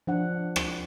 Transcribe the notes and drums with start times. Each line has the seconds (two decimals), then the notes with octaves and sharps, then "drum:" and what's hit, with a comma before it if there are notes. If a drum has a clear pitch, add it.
0.07 F3 D4 F#5
0.56 drum: rim click